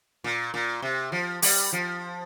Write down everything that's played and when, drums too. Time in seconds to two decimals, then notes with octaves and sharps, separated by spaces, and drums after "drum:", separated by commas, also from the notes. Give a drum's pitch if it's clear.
0.24 A#2
0.54 A#2
0.82 C3
1.12 F3
1.42 G3, drum: open hi-hat
1.73 F3